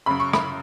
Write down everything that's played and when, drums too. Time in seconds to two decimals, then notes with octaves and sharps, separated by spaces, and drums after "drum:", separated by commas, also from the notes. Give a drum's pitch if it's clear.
0.06 F#2 C#3 B5
0.20 C#6
0.33 B5, drum: rim click